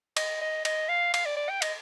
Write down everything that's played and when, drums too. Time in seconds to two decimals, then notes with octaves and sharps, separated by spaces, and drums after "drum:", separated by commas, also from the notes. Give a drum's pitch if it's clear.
0.17 D#5, drum: cymbal
0.41 D#5
0.65 D#5, drum: cymbal
0.89 F5
1.14 F5, drum: cymbal
1.25 D5
1.37 D5
1.49 G5
1.62 D#5, drum: cymbal